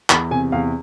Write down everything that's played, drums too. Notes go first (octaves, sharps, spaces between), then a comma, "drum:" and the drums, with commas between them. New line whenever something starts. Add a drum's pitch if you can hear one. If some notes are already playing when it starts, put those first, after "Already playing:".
E2 B5, drum: clap
C3 G#5
E2 F5